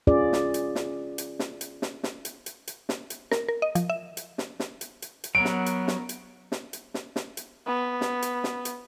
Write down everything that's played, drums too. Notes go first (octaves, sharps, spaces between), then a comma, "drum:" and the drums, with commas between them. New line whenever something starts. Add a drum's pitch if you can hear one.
C#4 F4 G#4 D5
drum: snare
drum: hi-hat
drum: snare
drum: hi-hat
drum: snare
drum: hi-hat
drum: snare
drum: snare
drum: hi-hat
drum: hi-hat
drum: hi-hat
drum: snare
drum: hi-hat
A#4, drum: snare
A#4
D#5
F3, drum: hi-hat
E5
drum: hi-hat
drum: snare
drum: snare
drum: hi-hat
drum: hi-hat
drum: hi-hat
F#3 B3 A#4 D7
drum: snare
drum: hi-hat
drum: snare
drum: hi-hat
drum: snare
drum: hi-hat
drum: snare
drum: snare
drum: hi-hat
B3
drum: snare
drum: hi-hat
drum: snare
drum: hi-hat